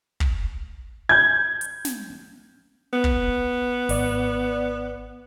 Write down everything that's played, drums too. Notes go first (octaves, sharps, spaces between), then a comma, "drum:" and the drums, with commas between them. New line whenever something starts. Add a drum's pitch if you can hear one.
drum: kick
G6 G#6
drum: hi-hat
drum: snare
B3
drum: kick
G#1 D5, drum: open hi-hat